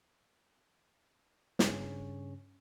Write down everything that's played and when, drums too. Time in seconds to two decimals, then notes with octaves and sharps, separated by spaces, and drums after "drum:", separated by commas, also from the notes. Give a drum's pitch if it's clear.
1.59 G2 C#3 C#4, drum: snare